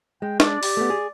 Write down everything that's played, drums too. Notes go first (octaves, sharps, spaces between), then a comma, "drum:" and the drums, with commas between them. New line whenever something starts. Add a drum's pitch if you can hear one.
G#3 G5
D4 D5, drum: snare
G4, drum: open hi-hat
A3 B3
G#4